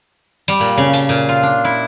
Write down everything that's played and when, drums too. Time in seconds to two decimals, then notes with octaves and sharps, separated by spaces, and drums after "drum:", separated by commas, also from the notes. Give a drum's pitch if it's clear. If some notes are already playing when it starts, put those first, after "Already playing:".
0.48 G3, drum: hi-hat
0.60 A#2
0.78 C#3
0.94 A5, drum: open hi-hat
1.09 A#2
1.29 F4
1.43 D4
1.65 E4